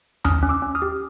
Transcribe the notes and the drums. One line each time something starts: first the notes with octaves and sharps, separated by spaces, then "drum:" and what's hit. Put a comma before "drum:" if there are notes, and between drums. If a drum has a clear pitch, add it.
C#4 D#6 F6, drum: tom D#2
C#4
D6 E6
C#4
D#6 F6
G4